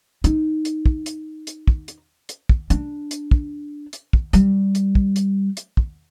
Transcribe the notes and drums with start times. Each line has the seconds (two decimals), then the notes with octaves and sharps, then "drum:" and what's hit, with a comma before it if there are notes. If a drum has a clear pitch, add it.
0.24 D#4, drum: hi-hat
0.65 drum: hi-hat
0.86 drum: kick
1.06 drum: hi-hat
1.47 drum: hi-hat
1.68 drum: kick
1.88 drum: hi-hat
2.29 drum: hi-hat
2.49 drum: kick
2.70 D4, drum: hi-hat
3.11 drum: hi-hat
3.31 drum: kick
3.93 drum: hi-hat
4.13 drum: kick
4.33 G3, drum: hi-hat
4.75 drum: hi-hat
4.95 drum: kick
5.16 drum: hi-hat
5.57 drum: hi-hat
5.77 drum: kick